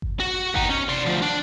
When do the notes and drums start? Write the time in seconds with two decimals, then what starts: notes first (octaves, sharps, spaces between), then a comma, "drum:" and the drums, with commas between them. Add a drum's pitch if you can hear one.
0.02 drum: kick G1
0.20 F#4
0.55 D#4 G4, drum: kick G1
0.70 C#4
0.89 D5 C6
1.05 D2 F3
1.22 D4